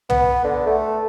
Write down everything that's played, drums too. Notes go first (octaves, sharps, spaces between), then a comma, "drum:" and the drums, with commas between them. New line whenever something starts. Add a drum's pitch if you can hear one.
B3, drum: tom
D3
A3